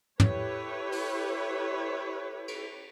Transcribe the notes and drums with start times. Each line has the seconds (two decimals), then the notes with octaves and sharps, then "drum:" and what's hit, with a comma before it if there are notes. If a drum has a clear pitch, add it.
0.20 E4 G4 A4 B4 C#5, drum: tom
0.92 drum: open hi-hat
2.48 drum: cymbal